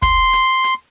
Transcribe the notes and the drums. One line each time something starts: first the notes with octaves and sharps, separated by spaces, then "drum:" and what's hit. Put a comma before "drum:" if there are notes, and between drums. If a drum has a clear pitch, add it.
C6, drum: kick, hi-hat
drum: hi-hat
drum: hi-hat